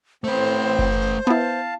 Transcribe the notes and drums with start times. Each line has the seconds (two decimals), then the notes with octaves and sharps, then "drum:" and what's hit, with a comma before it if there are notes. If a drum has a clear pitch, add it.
0.24 A2 A3 C4 B4 C5
0.79 drum: kick F#1
1.27 B3 E4 F5 A5